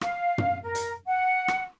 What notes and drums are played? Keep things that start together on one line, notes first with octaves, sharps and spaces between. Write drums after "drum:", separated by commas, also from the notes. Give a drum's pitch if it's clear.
F5, drum: rim click
drum: tom
A#4
drum: hi-hat
F#5
drum: rim click